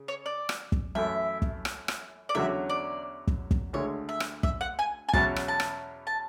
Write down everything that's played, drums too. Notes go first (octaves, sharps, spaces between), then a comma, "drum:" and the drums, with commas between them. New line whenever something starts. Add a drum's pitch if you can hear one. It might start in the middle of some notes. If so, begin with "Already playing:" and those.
Already playing: C#3
C#5
D5
drum: rim click
drum: kick
F#2 E3 A3 E4 E5
drum: kick
drum: rim click
drum: rim click
D5
E2 D3 F#3 C#4 F#4 E5
D5
drum: kick
drum: kick
D2 D3 G#3 C#5
E5
drum: rim click
E5, drum: kick
F#5
G#5
G#5
E2 B2 F#3 C#4 F#4 A5, drum: kick
drum: rim click
A5
drum: rim click
A5